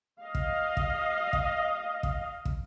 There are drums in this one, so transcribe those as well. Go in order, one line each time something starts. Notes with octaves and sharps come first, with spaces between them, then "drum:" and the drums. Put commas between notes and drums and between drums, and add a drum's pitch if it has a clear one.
D#5 F5
drum: kick
drum: kick
drum: kick
drum: kick
drum: kick